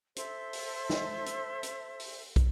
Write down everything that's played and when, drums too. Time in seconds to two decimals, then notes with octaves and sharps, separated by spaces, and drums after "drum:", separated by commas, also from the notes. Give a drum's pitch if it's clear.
0.16 A4 C5 E5, drum: hi-hat
0.53 drum: open hi-hat
0.90 drum: snare
1.26 drum: hi-hat
1.63 drum: hi-hat
2.00 drum: open hi-hat
2.36 drum: kick, hi-hat